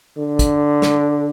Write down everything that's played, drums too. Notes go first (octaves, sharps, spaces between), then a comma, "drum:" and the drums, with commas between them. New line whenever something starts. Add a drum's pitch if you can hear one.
D3
drum: kick G#1, hi-hat
drum: snare